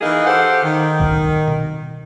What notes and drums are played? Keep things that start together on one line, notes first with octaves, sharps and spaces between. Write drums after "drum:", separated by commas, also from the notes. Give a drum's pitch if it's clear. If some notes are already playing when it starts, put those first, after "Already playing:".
E3 A#3 D#4 G#4
G4 A4 C5 F5 F#5
D#3
drum: kick
drum: tom B2